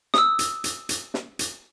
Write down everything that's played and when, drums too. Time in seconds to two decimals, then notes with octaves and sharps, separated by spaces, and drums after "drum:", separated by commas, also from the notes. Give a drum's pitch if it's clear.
0.14 D#6 E6, drum: snare
0.39 drum: hi-hat
0.64 drum: hi-hat
0.89 drum: hi-hat
1.14 drum: snare
1.39 drum: hi-hat